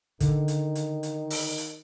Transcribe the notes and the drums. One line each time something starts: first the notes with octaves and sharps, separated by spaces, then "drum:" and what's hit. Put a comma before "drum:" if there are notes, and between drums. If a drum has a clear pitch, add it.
D3 D#3, drum: kick, hi-hat
drum: hi-hat
drum: hi-hat
drum: hi-hat
drum: open hi-hat
drum: hi-hat